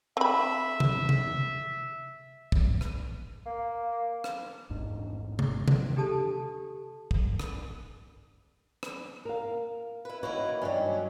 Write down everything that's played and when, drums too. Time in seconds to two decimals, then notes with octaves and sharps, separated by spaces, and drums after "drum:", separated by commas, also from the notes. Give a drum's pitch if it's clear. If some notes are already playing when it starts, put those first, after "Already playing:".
0.17 C4 E5 B5
0.80 drum: tom C3
1.09 drum: tom C3
2.52 drum: kick
2.81 drum: rim click
3.46 A#3
4.24 drum: rim click
4.70 A1 E2 G#2 D4
5.39 drum: tom C3
5.68 drum: tom C3
5.96 D4 G4 A4 A5 D#6
7.11 drum: kick
7.40 drum: rim click
8.83 drum: rim click
9.25 A#4 F5
10.05 E4 B4
10.23 D#3 A#3 E4 F#4 B4 C#5
10.62 G2 D#3 F#3 C#4 D4